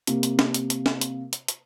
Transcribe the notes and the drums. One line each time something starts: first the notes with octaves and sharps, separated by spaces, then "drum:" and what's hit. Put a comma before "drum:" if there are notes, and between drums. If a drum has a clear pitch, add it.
C3 A#3, drum: hi-hat
drum: hi-hat
drum: snare
drum: hi-hat
drum: hi-hat
drum: snare
drum: hi-hat
drum: hi-hat
drum: hi-hat